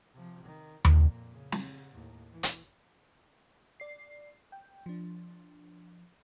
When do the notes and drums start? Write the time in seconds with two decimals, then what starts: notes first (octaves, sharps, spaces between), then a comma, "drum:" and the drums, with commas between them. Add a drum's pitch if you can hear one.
0.14 C3 F3
0.44 D#3
0.85 F2 A#2, drum: tom D#2
1.33 C#3
1.52 drum: snare
1.94 D#2 A2
2.33 E3
2.43 drum: hi-hat
3.80 D5 C7
4.52 G5
4.86 F3 D4